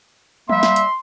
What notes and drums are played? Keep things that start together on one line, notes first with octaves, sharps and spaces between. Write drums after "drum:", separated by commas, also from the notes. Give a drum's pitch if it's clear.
G3 A#3 E5 C6, drum: tom
drum: snare
drum: hi-hat